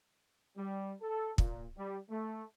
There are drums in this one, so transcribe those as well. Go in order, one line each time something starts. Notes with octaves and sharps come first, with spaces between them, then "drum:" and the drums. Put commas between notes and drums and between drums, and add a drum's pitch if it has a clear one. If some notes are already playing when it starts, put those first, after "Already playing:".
G3
A4
A#2, drum: kick
G3
A3